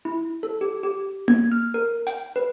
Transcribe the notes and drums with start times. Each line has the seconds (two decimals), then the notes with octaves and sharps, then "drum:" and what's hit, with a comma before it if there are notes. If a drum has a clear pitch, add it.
0.05 E4
0.43 A4
0.61 G4
0.83 G4
1.28 G#6, drum: tom A#3
1.52 F6
1.74 A#4
2.07 G5, drum: hi-hat
2.36 B4